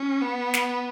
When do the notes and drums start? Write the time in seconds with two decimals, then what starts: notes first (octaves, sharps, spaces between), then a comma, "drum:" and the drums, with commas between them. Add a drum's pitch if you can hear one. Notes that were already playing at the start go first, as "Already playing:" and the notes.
Already playing: C#4
0.22 B3
0.54 drum: snare